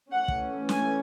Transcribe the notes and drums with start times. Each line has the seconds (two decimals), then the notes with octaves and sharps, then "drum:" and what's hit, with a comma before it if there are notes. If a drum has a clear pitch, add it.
0.12 E3 A3 C#4 F#5
0.28 drum: kick
0.69 G#5, drum: snare